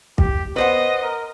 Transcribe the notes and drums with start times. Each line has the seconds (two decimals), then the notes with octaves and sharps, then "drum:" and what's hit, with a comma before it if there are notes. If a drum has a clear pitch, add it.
0.18 G4, drum: kick
0.56 B3 B4 C5 D#5 F#5
1.02 A#4